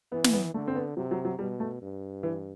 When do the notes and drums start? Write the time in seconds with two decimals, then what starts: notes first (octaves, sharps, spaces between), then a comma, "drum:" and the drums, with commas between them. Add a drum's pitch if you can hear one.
0.12 E3 B3
0.24 drum: snare
0.33 B3
0.54 D3 A3
0.68 C4
0.75 B3
0.97 C3 F#3
1.11 F#3
1.25 F#3
1.39 B2 G3
1.60 A3
1.82 G2
2.23 E3